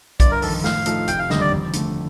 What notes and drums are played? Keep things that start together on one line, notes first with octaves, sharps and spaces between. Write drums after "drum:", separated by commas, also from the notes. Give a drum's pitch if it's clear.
G1 D5, drum: kick B1, hi-hat
A#4
F2 D#3 A4, drum: open hi-hat
A2 F5, drum: snare
F3 A3 D#4 A4, drum: hi-hat
F1 G5, drum: hi-hat
F5
D#2 D3 G3 D#5, drum: snare
D5
F2
D3 A3, drum: hi-hat